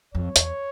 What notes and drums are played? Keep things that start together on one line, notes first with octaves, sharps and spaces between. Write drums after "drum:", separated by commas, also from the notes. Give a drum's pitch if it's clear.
F2 C#5
E2, drum: hi-hat